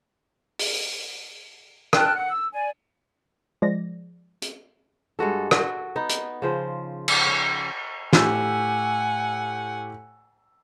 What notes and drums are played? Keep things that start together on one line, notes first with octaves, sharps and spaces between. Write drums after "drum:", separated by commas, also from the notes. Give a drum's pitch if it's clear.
drum: open hi-hat
G5 A5 F6 F#6, drum: rim click
F#5
E6
D5 G#5
F3 G#3 D5 A#6
drum: hi-hat
G2 G#3 F#4 A4
F#4, drum: rim click
B3 D#4
drum: hi-hat
C#3 F3 C5
drum: cymbal
C#5
A2 G4 F#5 G#5 E6, drum: snare